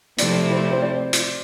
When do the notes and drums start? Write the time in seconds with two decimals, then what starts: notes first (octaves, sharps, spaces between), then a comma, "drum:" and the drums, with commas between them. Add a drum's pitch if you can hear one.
0.18 C3 F3 A3 C4 E4 D5, drum: hi-hat
0.51 C5
0.71 C5
0.82 D5
1.13 drum: hi-hat